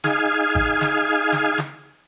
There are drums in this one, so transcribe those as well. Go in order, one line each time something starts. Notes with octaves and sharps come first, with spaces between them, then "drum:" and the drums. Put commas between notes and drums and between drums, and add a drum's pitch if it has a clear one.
D#4 G#4 F5 G#5, drum: snare
drum: kick G#1
drum: snare
drum: snare
drum: snare